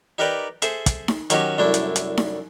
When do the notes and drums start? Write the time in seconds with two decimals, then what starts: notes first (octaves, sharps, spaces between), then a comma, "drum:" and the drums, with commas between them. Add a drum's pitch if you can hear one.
0.18 D#4 G4 A#4 B4 D5 G5
0.62 G#4 A4 C5 E5, drum: hi-hat
0.86 drum: kick, hi-hat
1.08 drum: snare D#4
1.30 D#3 F#3 C#4 D#4 F#4 G4, drum: hi-hat
1.58 C2 F#2 A3 D4 E4
1.74 drum: hi-hat
1.96 drum: hi-hat
2.17 drum: snare D#4